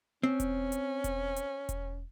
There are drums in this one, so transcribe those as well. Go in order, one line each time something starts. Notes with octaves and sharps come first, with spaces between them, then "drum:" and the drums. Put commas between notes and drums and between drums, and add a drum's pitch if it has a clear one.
C4 C#4
drum: kick E1, hi-hat
drum: hi-hat
drum: kick E1, hi-hat
drum: hi-hat
drum: kick E1, hi-hat